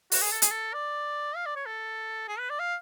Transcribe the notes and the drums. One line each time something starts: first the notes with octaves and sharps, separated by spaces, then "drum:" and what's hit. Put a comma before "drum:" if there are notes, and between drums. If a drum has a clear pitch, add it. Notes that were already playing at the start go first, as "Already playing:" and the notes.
F#4, drum: open hi-hat
G#4
A4
G#4, drum: hi-hat
A4
D5
F5
D5
C#5
A4
G#4
B4
D5
F5